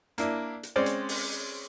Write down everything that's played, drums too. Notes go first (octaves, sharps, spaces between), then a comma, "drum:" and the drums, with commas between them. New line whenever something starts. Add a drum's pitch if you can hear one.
A#3 D4 E4, drum: hi-hat
drum: hi-hat
G#3 C4 C#4 C5 D5
drum: hi-hat
drum: open hi-hat